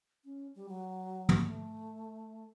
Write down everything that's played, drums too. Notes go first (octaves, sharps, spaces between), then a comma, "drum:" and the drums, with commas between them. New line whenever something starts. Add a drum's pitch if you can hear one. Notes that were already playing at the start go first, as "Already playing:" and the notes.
C#4
G3
F#3
drum: tom
A3